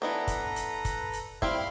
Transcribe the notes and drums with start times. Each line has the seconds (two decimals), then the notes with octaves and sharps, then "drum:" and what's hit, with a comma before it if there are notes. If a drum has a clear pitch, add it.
0.02 E3 B3 D4 A4 B4 A#5
0.27 drum: kick, hi-hat
0.56 drum: hi-hat
0.85 drum: kick, hi-hat
1.13 drum: hi-hat
1.42 G3 C4 E4 F5 B5 C6, drum: kick